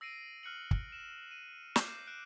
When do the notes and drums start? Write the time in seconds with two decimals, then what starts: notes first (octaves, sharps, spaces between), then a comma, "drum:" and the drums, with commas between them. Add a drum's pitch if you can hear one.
0.01 E6 A#6 C7 D7 D#7
0.43 F6 F#6 C#7 F#7
0.71 drum: kick
0.92 E7
1.31 D#7
1.76 D6 G6 C7 E7, drum: snare
2.07 F#6 D7 E7